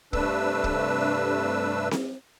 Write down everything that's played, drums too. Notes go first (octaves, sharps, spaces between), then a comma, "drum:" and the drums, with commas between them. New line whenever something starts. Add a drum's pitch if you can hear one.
G2 C3 A3 D4 B4 E6, drum: kick
drum: kick
drum: snare C4